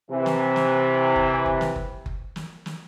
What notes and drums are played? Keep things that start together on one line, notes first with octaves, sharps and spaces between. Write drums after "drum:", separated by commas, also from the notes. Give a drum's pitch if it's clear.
C3 E3
drum: snare
drum: snare
drum: kick F#1
drum: kick F#1
drum: snare
drum: kick F#1
drum: kick F#1
drum: snare
drum: snare